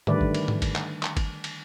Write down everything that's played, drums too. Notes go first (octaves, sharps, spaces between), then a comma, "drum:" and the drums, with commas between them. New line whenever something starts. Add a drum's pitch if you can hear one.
D3 D#3 G3 A3 B4 D5, drum: tom G#2
drum: kick G1
drum: cymbal
drum: tom G#2
drum: kick G1, cymbal
drum: clap
drum: clap
drum: kick G1, cymbal
drum: cymbal